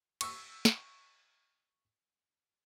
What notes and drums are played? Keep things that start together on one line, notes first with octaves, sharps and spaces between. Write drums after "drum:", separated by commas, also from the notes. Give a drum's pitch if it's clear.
C#6 E6, drum: cymbal
drum: snare